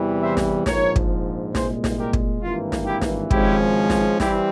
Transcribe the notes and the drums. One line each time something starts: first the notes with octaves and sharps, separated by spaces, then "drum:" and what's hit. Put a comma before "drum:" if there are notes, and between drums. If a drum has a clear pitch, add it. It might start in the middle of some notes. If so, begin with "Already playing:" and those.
Already playing: E2 C3 E3 G3
C5 E5
drum: snare
A#1 G#2 F3 A#4 C#5, drum: snare
drum: kick
C2 A#2 G#3 G#4 C5, drum: snare
drum: snare
G4 A#4
drum: kick
G#1 G2 E3 A#3 F4
drum: snare
E4 G4
drum: snare
G#1 G#2 F3 G#3 C#4 E4 G4, drum: kick
drum: snare
E3 G3 C4 E4 G4, drum: snare